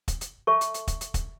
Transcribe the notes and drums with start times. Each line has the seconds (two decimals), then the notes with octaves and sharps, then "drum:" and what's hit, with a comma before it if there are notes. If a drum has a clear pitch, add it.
0.08 drum: kick, hi-hat
0.21 drum: hi-hat
0.47 A4 C#5 E5 A5 C#6
0.61 drum: hi-hat
0.74 drum: hi-hat
0.87 drum: kick, hi-hat
1.01 drum: hi-hat
1.14 drum: kick, hi-hat